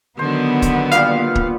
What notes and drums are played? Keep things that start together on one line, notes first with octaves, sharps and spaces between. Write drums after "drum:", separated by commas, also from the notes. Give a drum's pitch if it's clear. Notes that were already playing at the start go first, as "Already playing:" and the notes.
D3 D#3 F#3 B3 C5
drum: kick, hi-hat
A#2 G3 F5, drum: hi-hat
drum: kick